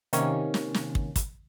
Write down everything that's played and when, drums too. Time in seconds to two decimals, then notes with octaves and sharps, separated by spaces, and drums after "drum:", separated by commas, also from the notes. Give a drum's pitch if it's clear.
0.13 C3 D#3 A#3 C#4, drum: hi-hat
0.54 drum: snare
0.74 drum: snare
0.95 drum: kick
1.16 drum: kick, hi-hat